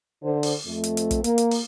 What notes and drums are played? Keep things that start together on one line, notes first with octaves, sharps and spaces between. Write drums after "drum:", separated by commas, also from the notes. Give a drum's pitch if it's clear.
D3 C5
drum: open hi-hat
F2 A3
drum: hi-hat
drum: hi-hat
drum: kick, hi-hat
A#3, drum: hi-hat
drum: hi-hat
drum: open hi-hat